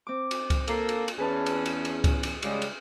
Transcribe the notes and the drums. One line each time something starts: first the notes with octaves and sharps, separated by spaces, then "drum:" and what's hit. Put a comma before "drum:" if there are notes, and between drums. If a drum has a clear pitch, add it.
C4 D6
drum: cymbal
drum: kick C#2, cymbal
A#3 A4, drum: cymbal
drum: cymbal
drum: cymbal
E2 C#4 G#4 B4 A5
drum: cymbal
drum: cymbal
drum: cymbal
drum: kick C#2, cymbal
drum: cymbal
C#3 G3 G#3, drum: cymbal
drum: cymbal